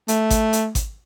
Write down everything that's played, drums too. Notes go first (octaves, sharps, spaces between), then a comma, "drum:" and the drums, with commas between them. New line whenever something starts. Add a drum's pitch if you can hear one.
A3, drum: hi-hat
drum: kick G#1, hi-hat
drum: hi-hat
drum: kick G#1, hi-hat